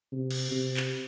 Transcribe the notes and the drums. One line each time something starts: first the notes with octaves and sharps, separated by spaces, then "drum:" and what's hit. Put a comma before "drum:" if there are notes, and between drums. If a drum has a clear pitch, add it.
C3
drum: cymbal
C3
drum: clap